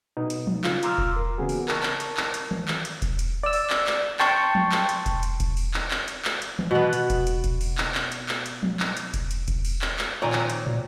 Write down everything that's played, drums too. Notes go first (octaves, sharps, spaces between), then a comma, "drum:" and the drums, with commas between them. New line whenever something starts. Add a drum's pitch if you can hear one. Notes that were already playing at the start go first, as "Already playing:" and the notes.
B2 B3 D#4
drum: hi-hat
drum: tom F3
C#3 F4, drum: clap
F4 A#5 C6 D6 E6 F6, drum: hi-hat
drum: kick E1
A#4
C#3 E3 A#3 B3 F#4 G#4
drum: open hi-hat
A#4 A5 C#6, drum: clap
drum: clap
drum: hi-hat
drum: clap
drum: hi-hat
drum: tom D#3
drum: clap
drum: hi-hat
drum: kick E1, hi-hat
drum: hi-hat
D5 E6
drum: open hi-hat
drum: clap
drum: clap
G5 A5 C6 C#6, drum: clap
drum: tom F3
drum: clap
drum: hi-hat
drum: kick E1, hi-hat
drum: hi-hat
drum: kick E1, hi-hat
drum: open hi-hat
drum: clap
drum: clap
drum: hi-hat
drum: clap
drum: hi-hat
drum: tom D#3
B2 B3
drum: hi-hat
drum: kick E1, hi-hat
drum: hi-hat
drum: kick E1, hi-hat
drum: open hi-hat
drum: clap
drum: clap
drum: hi-hat
drum: clap
drum: hi-hat
drum: tom F3
drum: clap
drum: hi-hat
drum: kick E1, hi-hat
drum: hi-hat
drum: kick E1, hi-hat
drum: open hi-hat
drum: clap
drum: clap
A#2 D#3 F3 C4 C#5 D5 G#5 A#5
drum: clap
drum: hi-hat
drum: tom